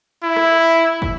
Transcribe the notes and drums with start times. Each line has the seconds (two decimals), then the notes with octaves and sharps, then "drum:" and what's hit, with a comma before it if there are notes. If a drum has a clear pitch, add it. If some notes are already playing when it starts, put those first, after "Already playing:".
0.23 E4
0.36 drum: rim click
1.02 drum: kick